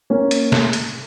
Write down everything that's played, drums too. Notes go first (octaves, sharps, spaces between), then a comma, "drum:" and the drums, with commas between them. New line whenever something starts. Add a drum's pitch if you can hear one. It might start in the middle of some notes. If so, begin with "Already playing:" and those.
A#3 C#4
drum: hi-hat
drum: snare
drum: hi-hat